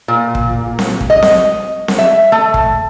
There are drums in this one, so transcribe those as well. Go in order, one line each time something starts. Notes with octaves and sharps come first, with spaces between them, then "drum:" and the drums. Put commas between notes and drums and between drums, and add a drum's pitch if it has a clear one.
A#2
drum: kick
drum: snare C4
drum: kick
D#5
drum: snare C4
drum: snare C4
E5
A3
drum: kick